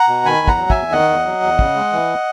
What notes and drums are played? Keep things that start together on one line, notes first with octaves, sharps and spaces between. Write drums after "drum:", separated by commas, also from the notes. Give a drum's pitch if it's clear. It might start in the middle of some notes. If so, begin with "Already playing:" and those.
Already playing: F#5 A#5
B2
D#3 G#5 B5
E2
F#5 A#5, drum: kick
F#3
E5 G#5, drum: kick
E2
D#3 D#5 F#5
E2
F#3
E2
C#3, drum: kick
G#3
E3